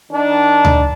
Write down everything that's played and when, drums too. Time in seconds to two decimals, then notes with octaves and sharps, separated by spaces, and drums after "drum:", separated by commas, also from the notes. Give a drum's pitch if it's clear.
0.12 D#3 D4
0.65 drum: tom D2